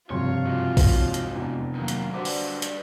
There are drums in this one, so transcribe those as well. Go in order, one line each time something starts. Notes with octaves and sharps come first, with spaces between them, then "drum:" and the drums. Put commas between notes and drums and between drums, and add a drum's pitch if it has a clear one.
F#1 G2 C3 F3 F4 C#5 C6
G#3 F#4
drum: kick A#1, open hi-hat
D#2
drum: hi-hat
F1 E2 E3 D4
D#3 F#3 A#3
drum: hi-hat
D3 G3 F#4 B4 C5 D6
drum: open hi-hat
drum: hi-hat